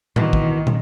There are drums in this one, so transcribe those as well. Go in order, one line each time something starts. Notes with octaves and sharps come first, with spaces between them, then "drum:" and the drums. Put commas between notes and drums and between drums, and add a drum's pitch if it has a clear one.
B2 D#3 E3, drum: tom A2
drum: kick
drum: tom